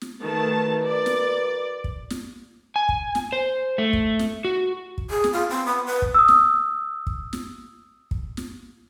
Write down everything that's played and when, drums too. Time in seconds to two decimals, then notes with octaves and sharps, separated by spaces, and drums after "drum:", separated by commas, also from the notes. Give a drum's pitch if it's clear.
0.01 drum: snare
0.22 D#3 A3 F#4 A#4 B4 A5
0.84 D5
1.06 drum: snare
1.84 drum: kick
2.10 drum: snare
2.76 G#5
2.89 drum: kick
3.15 drum: snare
3.33 C5
3.78 A3
3.93 drum: kick
4.19 drum: snare
4.45 F#4
4.98 drum: kick
5.10 G#4
5.24 drum: snare
5.33 F4
5.50 C4
5.66 B3
5.87 B4
6.02 drum: kick
6.14 D#6 E6
6.28 drum: snare
7.07 drum: kick
7.33 drum: snare
8.11 drum: kick
8.37 drum: snare